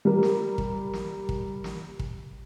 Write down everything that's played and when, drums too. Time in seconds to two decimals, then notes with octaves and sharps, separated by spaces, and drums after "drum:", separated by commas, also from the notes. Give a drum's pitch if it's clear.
0.05 G3 A#4
0.23 drum: snare
0.58 drum: kick
0.93 drum: snare
1.29 drum: kick
1.64 drum: snare
1.99 drum: kick